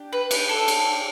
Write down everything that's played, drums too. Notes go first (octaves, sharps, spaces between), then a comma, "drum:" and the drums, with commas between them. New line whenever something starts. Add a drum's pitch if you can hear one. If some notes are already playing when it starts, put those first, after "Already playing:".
Already playing: D4 G4
B4
D4 G4 B4, drum: cymbal
A4
drum: cymbal